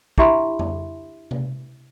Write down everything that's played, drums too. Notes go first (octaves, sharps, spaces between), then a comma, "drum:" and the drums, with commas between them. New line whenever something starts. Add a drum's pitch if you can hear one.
D4 E4 G4 E5 B5 C6, drum: kick
drum: tom F2
drum: tom C3